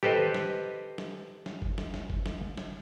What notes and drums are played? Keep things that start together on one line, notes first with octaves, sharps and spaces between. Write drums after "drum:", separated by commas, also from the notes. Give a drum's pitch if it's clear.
G4 A4 B4 C5 D#5, drum: snare
drum: tom D#3
drum: snare
drum: snare
drum: snare
drum: kick G1
drum: snare
drum: snare
drum: kick G1
drum: snare
drum: snare